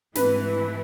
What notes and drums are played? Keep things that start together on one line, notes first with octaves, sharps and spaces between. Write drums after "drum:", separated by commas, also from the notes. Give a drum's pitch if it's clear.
G#2 E3 A3 E4 B4, drum: snare